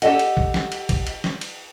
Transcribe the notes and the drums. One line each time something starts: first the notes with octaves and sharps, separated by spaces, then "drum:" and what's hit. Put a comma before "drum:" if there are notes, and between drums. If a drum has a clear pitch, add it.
G4 A4 D#5 F#5, drum: cymbal
drum: cymbal
drum: kick A#1
drum: snare
drum: cymbal
drum: kick A#1, cymbal
drum: cymbal
drum: snare
drum: cymbal